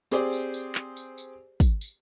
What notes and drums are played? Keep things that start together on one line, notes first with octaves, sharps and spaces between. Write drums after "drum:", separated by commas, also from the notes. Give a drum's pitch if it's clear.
C4 G4 G#4 C5 D5, drum: tambourine
drum: tambourine
drum: tambourine
drum: clap
drum: tambourine
drum: tambourine
drum: kick, tambourine
drum: tambourine